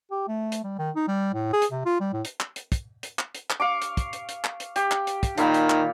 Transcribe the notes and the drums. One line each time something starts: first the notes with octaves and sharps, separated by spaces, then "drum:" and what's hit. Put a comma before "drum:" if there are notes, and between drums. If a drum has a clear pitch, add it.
G4
A3
drum: hi-hat
G3
D#3
D#4
G3
A2
G#4
drum: hi-hat
C3
F4
G3
A2
drum: hi-hat
drum: clap
drum: hi-hat
drum: kick, hi-hat
drum: hi-hat
drum: clap
drum: hi-hat
drum: clap
F5 C#6 D6
drum: hi-hat
drum: kick, hi-hat
drum: hi-hat
drum: hi-hat
drum: clap
drum: hi-hat
G4, drum: hi-hat
drum: clap
drum: hi-hat
drum: kick, hi-hat
A#2 D#3 F5 B5, drum: hi-hat
drum: hi-hat
drum: clap